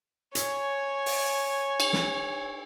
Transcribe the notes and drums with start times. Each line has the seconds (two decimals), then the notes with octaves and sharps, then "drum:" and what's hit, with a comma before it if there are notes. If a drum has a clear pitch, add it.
0.35 C#5 G#5, drum: hi-hat
1.06 drum: open hi-hat
1.80 drum: cymbal
1.93 drum: snare